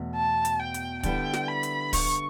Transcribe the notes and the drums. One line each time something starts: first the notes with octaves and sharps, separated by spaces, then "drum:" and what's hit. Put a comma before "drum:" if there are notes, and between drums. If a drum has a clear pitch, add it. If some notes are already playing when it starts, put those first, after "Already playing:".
Already playing: E2 B2 A3
A5
drum: hi-hat
G5
drum: hi-hat
D3 G3 B3 E4 G5, drum: kick, hi-hat
drum: snare
B5
drum: hi-hat
C#6, drum: kick, open hi-hat